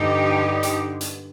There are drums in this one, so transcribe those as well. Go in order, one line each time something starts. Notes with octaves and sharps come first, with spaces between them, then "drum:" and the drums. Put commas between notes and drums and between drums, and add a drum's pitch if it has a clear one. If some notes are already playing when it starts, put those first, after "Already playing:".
Already playing: G2 D3 D#4 G4
drum: hi-hat
drum: hi-hat